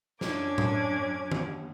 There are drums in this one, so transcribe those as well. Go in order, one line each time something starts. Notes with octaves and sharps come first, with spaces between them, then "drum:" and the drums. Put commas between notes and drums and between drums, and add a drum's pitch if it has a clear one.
F#2 C#4 D4 D6 G#6, drum: snare
drum: tom A2
drum: tom D#3